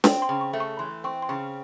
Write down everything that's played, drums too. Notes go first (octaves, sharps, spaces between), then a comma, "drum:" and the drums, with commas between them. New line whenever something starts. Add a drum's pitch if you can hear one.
C4, drum: snare
C6
C#3
C#6
A3
C#6
E3 C6
C4 C#6
C6
C#3 C#6